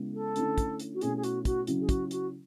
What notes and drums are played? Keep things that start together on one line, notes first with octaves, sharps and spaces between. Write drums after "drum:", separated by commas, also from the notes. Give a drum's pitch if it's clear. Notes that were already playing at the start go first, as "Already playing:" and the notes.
Already playing: C#3 G#3 B3 E4
A4
D3 A3 C#4 E4, drum: hi-hat
drum: kick, hi-hat
drum: hi-hat
F#4
B2 A3 C#4 E4 G#4, drum: hi-hat
G#4
F#4, drum: hi-hat
F#4, drum: kick, hi-hat
C#3 F#3 C#4 E4, drum: hi-hat
G#4
F#4, drum: kick, hi-hat
F#4, drum: hi-hat